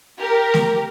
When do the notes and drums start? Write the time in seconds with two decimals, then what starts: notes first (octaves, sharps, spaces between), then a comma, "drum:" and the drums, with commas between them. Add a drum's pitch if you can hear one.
0.18 G4 A#4
0.54 drum: snare